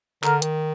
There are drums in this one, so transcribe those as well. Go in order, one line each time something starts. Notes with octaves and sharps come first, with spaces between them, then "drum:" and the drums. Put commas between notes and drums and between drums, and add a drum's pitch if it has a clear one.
D3 A#4, drum: clap
D#3, drum: hi-hat